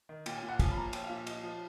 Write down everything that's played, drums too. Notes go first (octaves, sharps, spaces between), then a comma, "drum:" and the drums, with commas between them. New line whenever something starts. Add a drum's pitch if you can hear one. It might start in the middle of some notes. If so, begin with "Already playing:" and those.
D#3
A#2 G5, drum: cymbal
G#5
A#2
F#5
F3 G#5, drum: kick, cymbal
B5
A#2 A#5
F3 G5, drum: cymbal
F5
A#2
E5
F3 D#5, drum: cymbal
F3 D#5